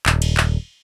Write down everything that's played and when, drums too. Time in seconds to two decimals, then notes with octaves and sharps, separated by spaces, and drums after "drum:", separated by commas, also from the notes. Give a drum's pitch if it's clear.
0.06 D#1, drum: clap
0.22 drum: cymbal
0.37 drum: clap